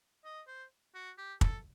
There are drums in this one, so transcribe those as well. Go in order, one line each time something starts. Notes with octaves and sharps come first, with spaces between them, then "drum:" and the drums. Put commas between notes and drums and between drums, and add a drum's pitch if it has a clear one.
D#5
C5
F#4
G4
A4, drum: kick